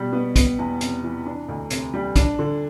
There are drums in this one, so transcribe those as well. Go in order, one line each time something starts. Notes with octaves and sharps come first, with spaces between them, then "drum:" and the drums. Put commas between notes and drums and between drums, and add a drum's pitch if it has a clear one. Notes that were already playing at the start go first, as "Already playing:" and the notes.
Already playing: B2 G3
B3
B3, drum: kick, hi-hat
E2
C3, drum: hi-hat
E3
D4
D2
C3, drum: hi-hat
G3
D4, drum: kick, hi-hat
D3